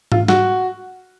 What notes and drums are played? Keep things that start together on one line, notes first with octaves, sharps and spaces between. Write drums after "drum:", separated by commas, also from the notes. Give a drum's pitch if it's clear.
F4, drum: tom G#2
F#4, drum: snare